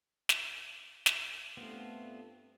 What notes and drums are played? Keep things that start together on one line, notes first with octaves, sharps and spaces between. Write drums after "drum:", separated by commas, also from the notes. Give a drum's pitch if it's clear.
drum: snare
drum: snare
G2 A3 B3 C4 F4